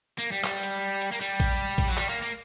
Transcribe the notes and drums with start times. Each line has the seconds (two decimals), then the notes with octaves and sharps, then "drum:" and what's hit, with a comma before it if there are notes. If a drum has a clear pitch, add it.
0.18 A#3
0.32 G3
0.44 G3, drum: clap
0.63 drum: hi-hat
1.02 drum: hi-hat
1.12 A#3
1.21 G3
1.40 drum: kick, hi-hat
1.78 drum: kick, hi-hat
1.89 F#3
1.97 G3, drum: clap
2.10 A#3
2.23 A#3